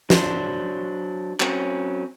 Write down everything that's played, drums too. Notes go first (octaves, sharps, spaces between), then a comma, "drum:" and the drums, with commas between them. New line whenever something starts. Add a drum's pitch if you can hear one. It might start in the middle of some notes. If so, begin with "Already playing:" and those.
F#3 D4 C5, drum: snare
F#3 C4 C#4, drum: clap